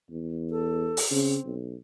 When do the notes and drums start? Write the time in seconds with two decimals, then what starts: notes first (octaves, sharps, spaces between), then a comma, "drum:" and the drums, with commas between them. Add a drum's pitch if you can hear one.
0.10 E2
0.51 A4
0.97 drum: open hi-hat
1.11 C#3 C4
1.44 B1